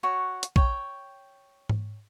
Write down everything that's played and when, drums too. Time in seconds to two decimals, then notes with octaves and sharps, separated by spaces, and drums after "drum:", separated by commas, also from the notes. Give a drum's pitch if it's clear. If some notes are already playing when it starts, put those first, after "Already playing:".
0.03 F#4 C#5 F#5
0.43 drum: hi-hat
0.56 C#5 G5, drum: kick
1.69 drum: tom G#2